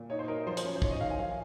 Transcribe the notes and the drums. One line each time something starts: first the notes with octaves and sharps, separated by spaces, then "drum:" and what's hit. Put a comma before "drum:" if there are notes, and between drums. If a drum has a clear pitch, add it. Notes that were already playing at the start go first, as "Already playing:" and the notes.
Already playing: A#2
D#4 C#5
C5
D#4 A#4
F3 C5
C5, drum: hi-hat
C#4 C#5
C5
D#3 C#5, drum: kick
D#5
D#3 F5
G#5
F3 F5